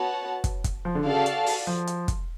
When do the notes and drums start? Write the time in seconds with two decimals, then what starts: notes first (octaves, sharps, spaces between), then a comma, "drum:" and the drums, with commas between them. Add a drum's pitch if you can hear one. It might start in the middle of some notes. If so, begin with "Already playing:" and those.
Already playing: B3 F#4 C#5 F#5 A5
0.44 drum: kick, hi-hat
0.64 drum: kick, hi-hat
0.85 F3
0.95 D3
1.05 C#3 F#4 A4 D5 F5 A5
1.26 drum: hi-hat
1.46 drum: open hi-hat
1.67 F3
1.87 drum: hi-hat
2.08 drum: kick, hi-hat